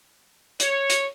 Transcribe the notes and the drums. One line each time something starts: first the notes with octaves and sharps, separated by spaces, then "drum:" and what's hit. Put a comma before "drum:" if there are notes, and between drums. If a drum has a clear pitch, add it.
C#5, drum: hi-hat
drum: hi-hat